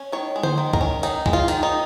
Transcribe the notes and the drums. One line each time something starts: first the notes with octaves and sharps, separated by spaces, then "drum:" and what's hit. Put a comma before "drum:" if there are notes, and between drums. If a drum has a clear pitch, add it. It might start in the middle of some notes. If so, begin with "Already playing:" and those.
Already playing: C#4
D#3 C#5
G#3
C5, drum: tom D3
D#3
A#4, drum: kick B1
C#4
D#3 D#4, drum: hi-hat
G#3, drum: kick B1
F4
D#3, drum: hi-hat
D#4